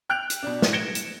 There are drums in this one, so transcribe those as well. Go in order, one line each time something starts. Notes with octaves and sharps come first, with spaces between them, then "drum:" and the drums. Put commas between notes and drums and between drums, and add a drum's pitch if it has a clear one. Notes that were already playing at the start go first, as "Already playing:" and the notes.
G5 F#6 G6 D7 F7
drum: hi-hat
B2 D4
drum: snare
G#6 A#6 C#7 D7 E7 G7
E7, drum: hi-hat